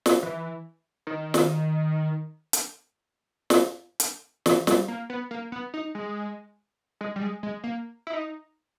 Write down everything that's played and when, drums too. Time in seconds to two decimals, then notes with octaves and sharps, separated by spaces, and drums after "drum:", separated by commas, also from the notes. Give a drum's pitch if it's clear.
0.06 drum: snare
0.23 E3
1.07 D#3
1.34 drum: snare
2.53 drum: hi-hat
3.50 drum: snare
4.00 drum: hi-hat
4.46 E3, drum: snare
4.67 G3, drum: snare
4.88 A#3
5.10 B3
5.31 A#3
5.52 B3
5.74 D#4
5.95 G#3
7.01 G#3
7.16 G3
7.21 G#3
7.43 G#3
7.64 A#3
8.07 E4
8.13 D#4